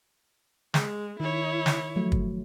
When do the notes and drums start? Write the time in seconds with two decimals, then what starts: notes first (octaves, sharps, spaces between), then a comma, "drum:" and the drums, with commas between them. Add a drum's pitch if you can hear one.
0.74 G#3, drum: snare
1.20 D#3 E4 C#5
1.66 drum: snare
1.96 F3 F#3 A3
2.12 drum: kick